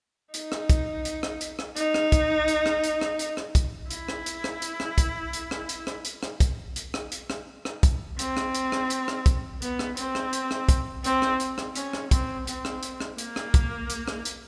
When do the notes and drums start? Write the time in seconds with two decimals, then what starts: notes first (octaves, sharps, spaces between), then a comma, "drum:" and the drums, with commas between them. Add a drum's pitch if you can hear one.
0.34 D#4, drum: hi-hat
0.52 drum: rim click
0.70 drum: kick, hi-hat
1.05 drum: hi-hat
1.23 drum: rim click
1.41 drum: hi-hat
1.59 drum: rim click
1.77 D#4, drum: hi-hat
1.94 drum: rim click
2.12 drum: kick, hi-hat
2.48 drum: hi-hat
2.66 drum: rim click
2.84 drum: hi-hat
3.01 drum: rim click
3.19 drum: hi-hat
3.37 drum: rim click
3.55 drum: kick, hi-hat
3.91 E4, drum: hi-hat
4.08 drum: rim click
4.26 drum: hi-hat
4.44 drum: rim click
4.62 drum: hi-hat
4.80 drum: rim click
4.98 drum: kick, hi-hat
5.33 drum: hi-hat
5.51 drum: rim click
5.69 drum: hi-hat
5.87 drum: rim click
6.05 drum: hi-hat
6.23 drum: rim click
6.40 drum: kick, hi-hat
6.76 drum: hi-hat
6.94 drum: rim click
7.12 drum: hi-hat
7.30 drum: rim click
7.65 drum: rim click
7.83 drum: kick, hi-hat
8.19 C4, drum: hi-hat
8.37 drum: rim click
8.54 drum: hi-hat
8.72 drum: rim click
8.90 drum: hi-hat
9.08 drum: rim click
9.26 drum: kick, hi-hat
9.62 B3, drum: hi-hat
9.79 drum: rim click
9.97 C4, drum: hi-hat
10.15 drum: rim click
10.33 drum: hi-hat
10.51 drum: rim click
10.69 drum: kick, hi-hat
11.04 C4, drum: hi-hat
11.22 drum: rim click
11.40 drum: hi-hat
11.58 drum: rim click
11.75 C#4, drum: hi-hat
11.93 drum: rim click
12.11 C4, drum: kick, hi-hat
12.47 C4, drum: hi-hat
12.65 drum: rim click
12.83 drum: hi-hat
13.00 drum: rim click
13.18 A#3, drum: hi-hat
13.36 drum: rim click
13.54 drum: kick, hi-hat
13.90 drum: hi-hat
14.08 drum: rim click
14.25 drum: hi-hat